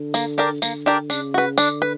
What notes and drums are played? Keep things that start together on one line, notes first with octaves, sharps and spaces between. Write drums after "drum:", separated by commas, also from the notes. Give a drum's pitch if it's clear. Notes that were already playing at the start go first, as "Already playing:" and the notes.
Already playing: D3
A#3, drum: tambourine
D4 G4 A#4 D5
D3 A#3, drum: tambourine
D4 G4 A#4 D5
C#3 D4, drum: tambourine
F#4 B4
D3 D4, drum: tambourine
B4